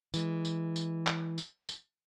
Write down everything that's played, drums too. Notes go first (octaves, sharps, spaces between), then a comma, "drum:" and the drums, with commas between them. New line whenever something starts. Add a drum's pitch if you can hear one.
E3 G#3, drum: tambourine
drum: tambourine
drum: tambourine
drum: clap
drum: tambourine
drum: tambourine